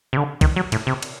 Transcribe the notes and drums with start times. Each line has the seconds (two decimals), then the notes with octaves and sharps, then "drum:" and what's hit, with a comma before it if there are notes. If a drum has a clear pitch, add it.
0.13 C3
0.17 D3
0.41 D#3, drum: kick B1, cymbal
0.56 F#3
0.72 A2, drum: cymbal
0.87 C3
1.03 drum: cymbal